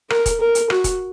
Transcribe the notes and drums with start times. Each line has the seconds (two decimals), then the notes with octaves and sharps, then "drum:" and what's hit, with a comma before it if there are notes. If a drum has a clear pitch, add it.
0.10 A#4, drum: rim click
0.26 drum: kick E1, hi-hat
0.40 A#4
0.55 drum: hi-hat
0.70 F#4, drum: rim click
0.84 drum: kick E1, hi-hat